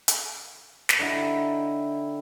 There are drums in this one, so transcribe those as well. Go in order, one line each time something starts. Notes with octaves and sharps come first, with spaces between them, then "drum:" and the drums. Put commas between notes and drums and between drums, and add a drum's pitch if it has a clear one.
drum: hi-hat
drum: snare
D3 D#4 E4 G5